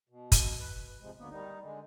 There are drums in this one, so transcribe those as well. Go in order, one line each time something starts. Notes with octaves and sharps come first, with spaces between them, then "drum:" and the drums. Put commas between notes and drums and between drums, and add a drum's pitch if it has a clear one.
B2
drum: kick, hi-hat
B4
C3 F3 G#3
D2 D3 A#3 B3
D#3 G3 D#4
D3 G#3